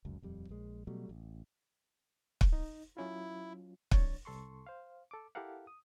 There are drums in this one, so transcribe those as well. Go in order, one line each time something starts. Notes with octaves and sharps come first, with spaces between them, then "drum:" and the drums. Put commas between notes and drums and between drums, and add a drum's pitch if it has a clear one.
F1 C#2 F#2
D#1 F2 G3
A#1 G#3
B2 F#3 G3 A3
A1
drum: kick
D#4
F#3 C#4 E4 F4
F2 D4 C#5 A6, drum: kick
C2 A4 C6 C#6
C5 F5
A4 D6
E4 G4 A4 A#4 F5 F#5
D#6